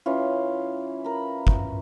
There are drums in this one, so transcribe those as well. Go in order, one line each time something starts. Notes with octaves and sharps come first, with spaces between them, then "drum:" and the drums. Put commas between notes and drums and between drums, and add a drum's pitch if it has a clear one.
E3 C#4 F4
A#4 B5
drum: kick